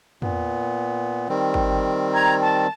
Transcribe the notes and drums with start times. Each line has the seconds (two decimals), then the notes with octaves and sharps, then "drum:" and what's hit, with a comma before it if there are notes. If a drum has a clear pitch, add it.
0.22 A#2 B3, drum: tom
1.29 D#3 G3 C4
1.54 drum: kick
2.14 A#5 G#6
2.41 A5